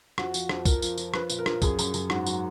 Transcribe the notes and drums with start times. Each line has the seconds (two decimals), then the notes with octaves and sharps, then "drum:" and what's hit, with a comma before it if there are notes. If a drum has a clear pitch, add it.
0.18 F2 F#4, drum: rim click
0.34 F3, drum: tambourine
0.49 F2, drum: rim click
0.65 F3 A#4, drum: kick, tambourine
0.82 F3, drum: tambourine
0.98 F3, drum: tambourine
1.14 F3 B4, drum: rim click
1.30 A#2, drum: tambourine
1.39 A#4
1.46 F3, drum: rim click
1.62 F#2 G#4, drum: kick, tambourine
1.79 F#2, drum: tambourine
1.94 F#2, drum: tambourine
2.10 G#2 F#4, drum: rim click
2.27 F#3, drum: tambourine